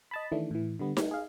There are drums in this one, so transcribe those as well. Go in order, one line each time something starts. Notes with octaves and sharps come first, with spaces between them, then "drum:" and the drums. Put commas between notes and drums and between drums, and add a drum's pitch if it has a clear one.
D#5 A5 B5
D#3 E3 A3 D4
A2 E3
D3 G3 B3
G3 A3, drum: snare D#4
G#4 F5